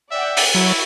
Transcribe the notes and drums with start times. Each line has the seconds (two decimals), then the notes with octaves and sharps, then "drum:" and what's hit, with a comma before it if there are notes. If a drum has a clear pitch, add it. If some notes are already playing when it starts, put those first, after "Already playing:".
0.11 D5 E5 F#5 G5
0.37 drum: open hi-hat
0.55 F#3 E4 F#4